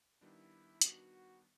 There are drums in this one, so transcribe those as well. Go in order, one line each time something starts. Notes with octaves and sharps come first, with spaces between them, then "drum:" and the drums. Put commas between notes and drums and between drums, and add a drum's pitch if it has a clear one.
D#3 G3 B3 D4 E4
D#3 G3 B3 D4 F#4, drum: hi-hat